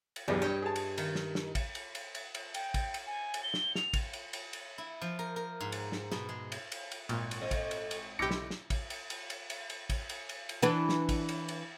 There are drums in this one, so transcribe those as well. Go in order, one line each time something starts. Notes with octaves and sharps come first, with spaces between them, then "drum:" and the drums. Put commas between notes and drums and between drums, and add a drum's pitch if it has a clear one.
drum: cymbal
B1 E2 G2
G2 C#5 D#5 G5
G#4 A5
drum: cymbal
D#3, drum: cymbal
drum: snare
drum: snare
drum: kick, cymbal
drum: cymbal
drum: cymbal
drum: cymbal
drum: cymbal
G5, drum: cymbal
drum: kick, cymbal
drum: cymbal
G#5
drum: cymbal
G7
drum: snare
F7, drum: snare
drum: kick, cymbal
drum: cymbal
drum: cymbal
drum: cymbal
E4
F3
A#4
A#4
G#2
drum: cymbal
drum: snare
B2, drum: snare
G#3
drum: cymbal
drum: cymbal
drum: cymbal
G#1 A#2, drum: cymbal
drum: cymbal
A3 C4 D#5
drum: kick, cymbal
drum: cymbal
drum: cymbal
B1 C#3 E4 G4 D6 A#6 C#7
drum: snare
drum: snare
drum: kick, cymbal
drum: cymbal
drum: cymbal
drum: cymbal
drum: cymbal
drum: cymbal
drum: kick, cymbal
drum: cymbal
drum: cymbal
drum: cymbal
E3 D4 B4
drum: snare
drum: kick, cymbal
drum: cymbal
drum: cymbal